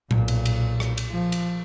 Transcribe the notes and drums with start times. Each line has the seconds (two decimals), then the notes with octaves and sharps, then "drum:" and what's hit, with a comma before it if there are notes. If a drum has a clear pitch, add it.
0.11 B1 A#2, drum: tom A2
0.28 drum: cymbal
0.45 drum: cymbal
0.80 drum: rim click
0.98 drum: cymbal
1.10 F3
1.32 drum: cymbal